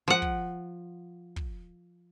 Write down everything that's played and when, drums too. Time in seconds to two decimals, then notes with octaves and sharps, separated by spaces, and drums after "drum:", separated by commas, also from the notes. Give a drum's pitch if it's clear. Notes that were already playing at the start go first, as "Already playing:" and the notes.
0.08 F3 F#5
0.22 drum: kick
1.36 drum: kick